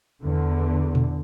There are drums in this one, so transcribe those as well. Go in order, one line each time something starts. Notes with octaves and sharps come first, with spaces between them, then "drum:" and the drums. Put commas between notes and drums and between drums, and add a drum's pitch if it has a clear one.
E2 D3
drum: tom A#2